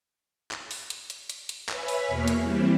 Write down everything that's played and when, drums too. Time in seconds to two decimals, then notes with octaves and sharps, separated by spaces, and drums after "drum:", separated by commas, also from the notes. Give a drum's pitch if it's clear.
0.51 drum: clap
0.71 drum: open hi-hat
0.90 drum: hi-hat
1.10 drum: hi-hat
1.30 drum: hi-hat
1.49 drum: hi-hat
1.69 B4 C#5 E5 G#5 B5 C#6, drum: clap
1.88 drum: open hi-hat
2.08 E2 B2 A#3 C#6 F6
2.28 drum: hi-hat
2.42 E3 G3 C4 E4